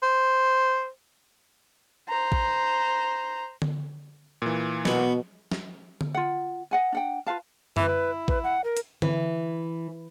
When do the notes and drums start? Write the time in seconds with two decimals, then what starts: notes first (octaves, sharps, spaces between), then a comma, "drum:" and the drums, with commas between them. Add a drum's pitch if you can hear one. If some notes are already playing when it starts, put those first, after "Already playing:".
0.03 C5
2.09 C5 A#5
2.32 drum: kick A1
3.62 drum: tom D3
4.42 A#2 E3
4.85 B2 B3 F#4, drum: snare
5.52 drum: snare
6.01 drum: tom D3
6.14 F4 F#5
6.71 D#5 F#5 G#5
6.92 D4 F#5 G5
7.27 F4 B4 F5 A5
7.77 E3 B4, drum: tom F#2
7.88 E4
8.28 B4, drum: kick A1
8.44 F#5
8.64 A#4
8.77 drum: hi-hat
9.02 E3, drum: tom D3